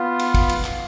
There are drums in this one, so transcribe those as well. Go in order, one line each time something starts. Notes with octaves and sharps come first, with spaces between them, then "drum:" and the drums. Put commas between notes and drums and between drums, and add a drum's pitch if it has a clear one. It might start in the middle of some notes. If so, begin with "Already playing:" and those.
Already playing: B3 F4
drum: cymbal
drum: kick, cymbal
drum: cymbal
drum: clap